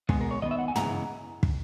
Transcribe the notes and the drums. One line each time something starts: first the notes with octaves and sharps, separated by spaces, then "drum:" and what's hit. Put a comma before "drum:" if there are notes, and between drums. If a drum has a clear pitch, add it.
B2 G#3 B3 G#4, drum: kick
A#4
C#5
D#3 G#3 B3 D#5
E5
F#5
G#5
C#3 E3 G#3 B3 A#5, drum: tom
drum: kick